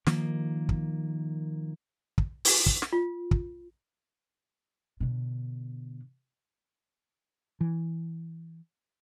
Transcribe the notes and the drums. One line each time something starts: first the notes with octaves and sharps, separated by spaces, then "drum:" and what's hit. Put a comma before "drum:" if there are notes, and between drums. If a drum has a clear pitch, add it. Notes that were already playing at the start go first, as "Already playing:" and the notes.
D#3 F3 A#3, drum: snare
drum: kick
drum: kick
drum: open hi-hat
drum: kick
drum: snare
F4
drum: kick
B2 D3
E3